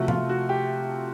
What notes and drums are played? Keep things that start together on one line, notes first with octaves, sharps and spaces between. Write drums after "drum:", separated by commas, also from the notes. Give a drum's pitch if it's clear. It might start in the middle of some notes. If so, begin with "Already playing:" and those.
Already playing: C3 F3 A3 F#4
F4, drum: tom
F#4
G4